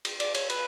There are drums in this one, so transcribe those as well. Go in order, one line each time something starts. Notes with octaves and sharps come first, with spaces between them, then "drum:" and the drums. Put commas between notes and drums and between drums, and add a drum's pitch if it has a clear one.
drum: cymbal
D5, drum: cymbal
C#5, drum: cymbal
B4, drum: cymbal